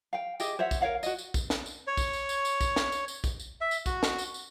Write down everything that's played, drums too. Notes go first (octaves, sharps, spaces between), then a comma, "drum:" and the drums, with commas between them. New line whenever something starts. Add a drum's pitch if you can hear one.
F5 G5
G4 G#4 D#5 E5, drum: tambourine
C5 C#5 E5 F#5
drum: kick B1, tambourine
A#4 C#5 F5 F#5
F#4 D#5, drum: tambourine
drum: tambourine
drum: kick B1, tambourine
drum: snare
drum: tambourine
C#5
drum: kick B1, tambourine
drum: tambourine
drum: tambourine
drum: tambourine
drum: kick B1, tambourine
drum: snare
drum: tambourine
drum: tambourine
drum: kick B1, tambourine
drum: tambourine
E5
drum: tambourine
F#4, drum: kick B1, tambourine
drum: snare
drum: tambourine
drum: tambourine